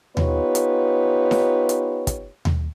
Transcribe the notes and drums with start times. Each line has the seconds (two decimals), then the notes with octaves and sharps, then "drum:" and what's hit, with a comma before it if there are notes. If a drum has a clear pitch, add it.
0.17 B3 D#4 F4 G4 B4 C#5, drum: tom D#2
0.55 drum: hi-hat
1.31 drum: snare D#4
1.69 drum: hi-hat
2.07 drum: kick, hi-hat
2.45 drum: tom D#2